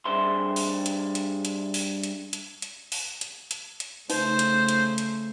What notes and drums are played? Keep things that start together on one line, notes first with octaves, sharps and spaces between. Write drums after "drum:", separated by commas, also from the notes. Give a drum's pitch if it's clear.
G2 D4 G#4 C5 E5 C6
drum: open hi-hat
drum: hi-hat
drum: hi-hat
drum: hi-hat
drum: open hi-hat
drum: hi-hat
drum: hi-hat
drum: hi-hat
drum: open hi-hat
drum: hi-hat
drum: hi-hat
drum: hi-hat
C#3 A3 D#4 C5, drum: open hi-hat
drum: hi-hat
drum: hi-hat
drum: hi-hat